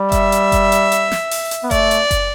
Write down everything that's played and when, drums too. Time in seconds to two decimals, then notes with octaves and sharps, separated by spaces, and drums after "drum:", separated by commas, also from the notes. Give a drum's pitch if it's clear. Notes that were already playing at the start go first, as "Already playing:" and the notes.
Already playing: G3
0.12 E5, drum: kick F#1, hi-hat
0.32 drum: hi-hat
0.52 drum: kick F#1, hi-hat
0.72 drum: hi-hat
0.92 drum: hi-hat
1.11 drum: snare
1.31 drum: open hi-hat
1.51 drum: hi-hat
1.63 B3
1.71 A3 D5, drum: kick F#1, hi-hat
1.91 drum: hi-hat
2.11 drum: kick F#1, hi-hat